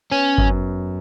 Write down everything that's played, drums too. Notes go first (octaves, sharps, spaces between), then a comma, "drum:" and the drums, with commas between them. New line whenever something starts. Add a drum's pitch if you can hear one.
B3 C#4
F#2, drum: kick G1